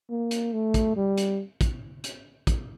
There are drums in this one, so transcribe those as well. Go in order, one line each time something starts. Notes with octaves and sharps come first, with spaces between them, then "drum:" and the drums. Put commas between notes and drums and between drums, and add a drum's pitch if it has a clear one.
A#3
drum: hi-hat
A3
drum: kick, hi-hat
G3
drum: hi-hat
drum: kick, hi-hat
drum: hi-hat
drum: kick, hi-hat